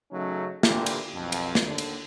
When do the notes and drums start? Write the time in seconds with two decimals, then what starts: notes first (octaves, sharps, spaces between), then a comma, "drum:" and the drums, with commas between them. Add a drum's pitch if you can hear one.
0.12 C#3 F#3 A3 C#4 D#4
0.63 A#2 D3 E3 G4, drum: snare
0.86 drum: cymbal
1.15 B1 F2
1.32 drum: cymbal
1.55 drum: snare
1.66 D#2 D3
1.78 drum: cymbal